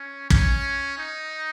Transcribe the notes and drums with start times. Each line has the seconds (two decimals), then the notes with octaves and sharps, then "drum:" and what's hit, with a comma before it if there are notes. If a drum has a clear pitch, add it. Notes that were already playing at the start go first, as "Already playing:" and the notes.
Already playing: C#4
0.30 C#4, drum: kick
0.98 D#4